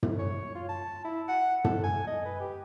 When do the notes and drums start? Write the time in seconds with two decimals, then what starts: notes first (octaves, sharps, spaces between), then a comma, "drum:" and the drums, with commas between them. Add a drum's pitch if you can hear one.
0.03 drum: tom
0.19 C#5
0.55 F4
0.69 A5
1.04 E4
1.29 F#5
1.64 A4, drum: tom
1.84 G#5
2.07 D#5
2.25 B4
2.40 G4